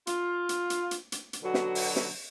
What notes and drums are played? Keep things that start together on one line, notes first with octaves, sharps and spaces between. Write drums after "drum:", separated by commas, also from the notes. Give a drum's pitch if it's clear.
F4, drum: hi-hat
drum: hi-hat
drum: hi-hat
drum: hi-hat
drum: hi-hat
drum: hi-hat
B2 D3 F#3 F#4
drum: snare
drum: open hi-hat
drum: snare